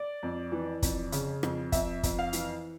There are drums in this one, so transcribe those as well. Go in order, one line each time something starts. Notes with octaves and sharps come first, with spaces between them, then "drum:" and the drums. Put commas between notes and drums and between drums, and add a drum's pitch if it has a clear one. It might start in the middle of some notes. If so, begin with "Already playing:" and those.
Already playing: D5
F2
E3
F2, drum: kick, hi-hat
C#3, drum: hi-hat
F2, drum: rim click
F2 E5, drum: kick, hi-hat
F2, drum: kick, hi-hat
F5
E3, drum: hi-hat